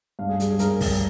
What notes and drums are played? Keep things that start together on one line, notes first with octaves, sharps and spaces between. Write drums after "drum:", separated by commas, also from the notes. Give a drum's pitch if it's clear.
G2 F5
G#4
G3, drum: hi-hat
G#4
G2 A#4, drum: hi-hat
G2, drum: kick, open hi-hat